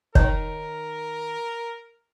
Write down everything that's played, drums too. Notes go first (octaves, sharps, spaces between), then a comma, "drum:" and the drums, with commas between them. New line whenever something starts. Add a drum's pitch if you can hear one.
D#3 F3 D#4 A#4 C#5, drum: kick